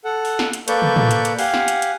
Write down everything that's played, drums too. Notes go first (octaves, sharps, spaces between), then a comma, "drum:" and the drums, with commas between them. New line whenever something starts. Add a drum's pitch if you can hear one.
A4 F#5
drum: open hi-hat
drum: snare
drum: hi-hat
A#3 A4 B4 D5 C#6 G6, drum: hi-hat
drum: tom
drum: tom
drum: hi-hat
drum: hi-hat
G4 F5 F#5 G#5, drum: open hi-hat
drum: snare
drum: hi-hat
drum: hi-hat